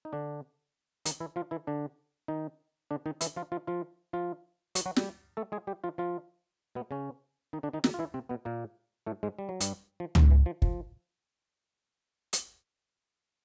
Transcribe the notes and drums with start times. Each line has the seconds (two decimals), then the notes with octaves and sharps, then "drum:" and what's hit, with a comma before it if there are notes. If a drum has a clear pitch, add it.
0.05 D#4
0.13 D3 D4
1.05 D#3 D#4, drum: hi-hat
1.20 E3 E4
1.36 F3 F4
1.51 E3 E4
1.67 D3 D4
2.28 D#3 D#4
2.91 D3 D4
3.06 D#3 D#4
3.21 E3 E4, drum: hi-hat
3.36 F3 F4
3.52 F3 F4
3.67 F3 F4
4.13 F3 F4
4.75 F#3 F#4, drum: hi-hat
4.86 F#3 F#4
4.96 G3 G4, drum: snare
5.37 A3 A4
5.52 G#3 G#4
5.67 G3 G4
5.84 F3 F4
5.98 F3 F4
6.75 B2 B3
6.91 C#3 C#4
7.53 D#3 D#4
7.63 D3 D4
7.73 D#3 D#4
7.84 D#3 D#4, drum: snare
7.94 F4
7.99 E3 E4
8.14 C3 C4
8.29 B2 B3
8.45 A#2 A#3
9.06 A2 A3
9.23 G#2 G#3
9.39 G3
9.49 F#3
9.60 G2 G3, drum: hi-hat
10.00 F3
10.15 F3, drum: tom C#2
10.30 E3
10.46 F3
10.62 F3, drum: kick
12.33 drum: hi-hat